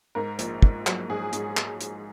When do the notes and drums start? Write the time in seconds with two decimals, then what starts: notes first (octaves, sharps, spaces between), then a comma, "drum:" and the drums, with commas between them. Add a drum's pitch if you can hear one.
0.15 G#2 A#4
0.39 A#1, drum: hi-hat
0.62 G#2, drum: kick
0.87 F#3, drum: clap
1.09 G#2 G#4
1.33 G#2, drum: hi-hat
1.57 drum: clap
1.81 drum: hi-hat